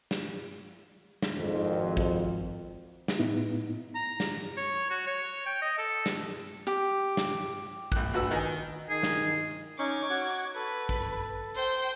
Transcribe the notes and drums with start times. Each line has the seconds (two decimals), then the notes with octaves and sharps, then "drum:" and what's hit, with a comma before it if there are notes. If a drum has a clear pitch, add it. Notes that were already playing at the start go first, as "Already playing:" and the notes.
0.11 drum: snare
1.22 drum: snare
1.38 G#1 F2
1.97 drum: kick
3.08 drum: snare
3.18 A2 B3 D#4 E4
3.95 A#5
4.20 drum: snare
4.57 C#5
4.90 F#4
5.07 C#5
5.46 G5
5.62 D#5
5.78 A4
6.06 drum: snare
6.67 G4
7.17 drum: snare
7.92 A#1 F#6, drum: kick
8.14 D2 F#4 B4 E6
8.31 D#3 D#5 G#5
8.90 D#3 G#4
9.03 drum: snare
9.79 C#4 D#4 C#6 D6 G#6
10.10 F#4 C#5
10.55 A4 B4
10.89 drum: kick
11.54 C5 G5